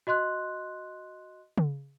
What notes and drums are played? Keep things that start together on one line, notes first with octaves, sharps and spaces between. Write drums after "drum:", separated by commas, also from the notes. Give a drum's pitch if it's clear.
F#4 D#5 C6 F#6
drum: tom C#3